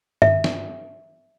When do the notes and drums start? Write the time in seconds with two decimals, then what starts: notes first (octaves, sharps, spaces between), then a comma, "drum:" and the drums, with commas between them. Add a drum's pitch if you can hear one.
0.22 E5, drum: tom G2
0.44 drum: snare